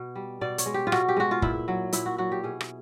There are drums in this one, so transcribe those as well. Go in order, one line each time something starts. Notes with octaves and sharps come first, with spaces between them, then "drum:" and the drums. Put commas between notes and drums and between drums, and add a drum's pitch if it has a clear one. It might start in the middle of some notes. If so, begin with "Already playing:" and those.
Already playing: B2
G3
B2 D5
C#5, drum: hi-hat
G#3
G4
F4
B2 F#4, drum: rim click
G4
G#3 F#4
F4
A#2 E4, drum: kick
F#3
A#2 E4, drum: hi-hat
F#4
F#3 F#4
G4
B2 G#4
drum: rim click